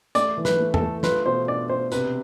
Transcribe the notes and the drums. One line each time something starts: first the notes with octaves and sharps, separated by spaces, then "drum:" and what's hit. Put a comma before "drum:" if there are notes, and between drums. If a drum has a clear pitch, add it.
A3 D5, drum: hi-hat
E3
B4, drum: snare
A3
A4, drum: tom E2
A3
F4 B4, drum: snare
B2 C5
D4 D5
B2 C5
C3 B4, drum: hi-hat